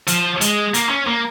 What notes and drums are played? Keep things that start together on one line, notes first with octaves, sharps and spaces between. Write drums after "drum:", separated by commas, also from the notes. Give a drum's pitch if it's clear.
F3, drum: hi-hat
G#3, drum: hi-hat
A#3, drum: hi-hat
C#4
A#3